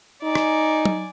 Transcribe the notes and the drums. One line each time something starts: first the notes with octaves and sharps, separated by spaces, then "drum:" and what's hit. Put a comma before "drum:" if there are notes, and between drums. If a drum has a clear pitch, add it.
D#4 D5 G#5
drum: rim click
drum: tom